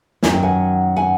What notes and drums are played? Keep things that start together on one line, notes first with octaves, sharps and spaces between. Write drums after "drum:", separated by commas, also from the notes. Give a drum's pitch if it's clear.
F#2 D#3 F#3 G#5, drum: snare
G5
F#5 G#5
F#5 G#5